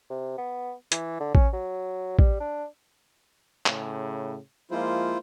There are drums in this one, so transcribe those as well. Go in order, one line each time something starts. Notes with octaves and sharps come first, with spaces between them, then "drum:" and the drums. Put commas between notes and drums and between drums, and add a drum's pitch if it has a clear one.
C3
B3
E3, drum: hi-hat
D3
C#4, drum: kick
F#3
G3, drum: kick
D4
A2 C#3, drum: clap
F3 G#3 A#3 E4 F4 C5